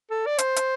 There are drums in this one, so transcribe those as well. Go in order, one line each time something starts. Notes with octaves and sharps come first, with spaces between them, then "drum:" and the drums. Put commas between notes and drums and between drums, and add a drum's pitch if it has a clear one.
A4
D5
C5, drum: hi-hat
drum: hi-hat